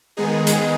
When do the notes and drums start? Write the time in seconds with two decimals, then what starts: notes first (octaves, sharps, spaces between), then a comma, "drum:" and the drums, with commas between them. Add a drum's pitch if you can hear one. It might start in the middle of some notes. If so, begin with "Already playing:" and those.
0.17 D#3 G#3 B3 D#4 G#4
0.47 drum: hi-hat